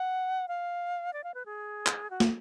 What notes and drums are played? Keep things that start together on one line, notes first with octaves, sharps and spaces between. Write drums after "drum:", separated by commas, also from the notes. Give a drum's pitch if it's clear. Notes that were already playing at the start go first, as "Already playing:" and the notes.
Already playing: F#5
F5
D5
F5
B4
G#4
drum: clap
F#4
drum: snare